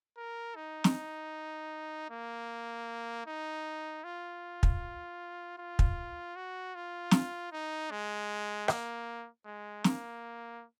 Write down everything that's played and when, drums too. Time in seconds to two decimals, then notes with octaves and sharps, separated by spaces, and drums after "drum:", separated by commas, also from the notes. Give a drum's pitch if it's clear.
0.17 A#4
0.56 D#4
0.84 drum: snare
2.10 A#3
3.26 D#4
4.04 F4
4.63 drum: kick
5.58 F4
5.79 drum: kick
6.36 F#4
6.75 F4
7.11 drum: snare
7.52 D#4
7.91 G#3
8.68 A#3, drum: rim click
9.45 G#3
9.84 A#3, drum: snare